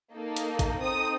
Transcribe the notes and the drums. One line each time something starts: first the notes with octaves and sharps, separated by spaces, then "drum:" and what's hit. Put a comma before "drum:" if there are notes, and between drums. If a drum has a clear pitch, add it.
A#3 D#4 A4
drum: hi-hat
drum: kick G#1, hi-hat
C4 D#4 A4 D#6